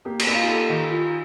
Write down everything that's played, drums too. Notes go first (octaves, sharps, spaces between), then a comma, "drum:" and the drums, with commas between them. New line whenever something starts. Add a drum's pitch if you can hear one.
A#3 G4
G4, drum: cymbal
A#3 D#4
F4
G4 A4
D#3
F4